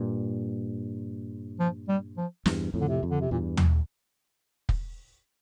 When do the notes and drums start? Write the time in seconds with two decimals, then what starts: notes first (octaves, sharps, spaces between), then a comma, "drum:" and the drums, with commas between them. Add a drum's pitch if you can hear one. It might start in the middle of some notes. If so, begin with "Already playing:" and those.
Already playing: G2 A#2
1.60 F3
1.88 G3
2.17 F3
2.46 E2 G2, drum: snare
2.74 F2 A2
2.81 D3
2.89 C3
3.03 F2
3.10 D3
3.21 C3
3.31 E2 G2 A#2
3.57 drum: tom D#2
4.69 drum: kick